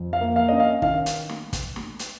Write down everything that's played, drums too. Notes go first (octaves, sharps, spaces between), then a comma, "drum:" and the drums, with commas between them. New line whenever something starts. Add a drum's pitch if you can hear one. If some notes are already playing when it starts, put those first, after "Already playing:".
Already playing: F2
F5
A#3
F5
C#4 D#5
F5
D#3 F5, drum: kick
drum: hi-hat
drum: snare
drum: kick, hi-hat
drum: snare
drum: hi-hat